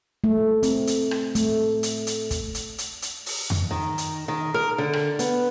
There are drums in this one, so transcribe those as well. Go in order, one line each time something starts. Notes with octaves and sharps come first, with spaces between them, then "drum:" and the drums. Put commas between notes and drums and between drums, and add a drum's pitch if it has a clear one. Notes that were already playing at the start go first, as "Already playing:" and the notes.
A3
C4, drum: hi-hat
drum: hi-hat
drum: rim click
A3, drum: hi-hat
drum: hi-hat
drum: hi-hat
drum: kick, hi-hat
drum: hi-hat
drum: hi-hat
drum: hi-hat
drum: open hi-hat
drum: tom F2
D#3
drum: hi-hat
D#3
A#4
D3
drum: rim click
B3, drum: hi-hat